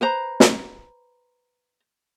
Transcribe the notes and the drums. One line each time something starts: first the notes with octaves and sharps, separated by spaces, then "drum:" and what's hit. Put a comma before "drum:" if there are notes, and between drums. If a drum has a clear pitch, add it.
B4 C5 A#5
drum: snare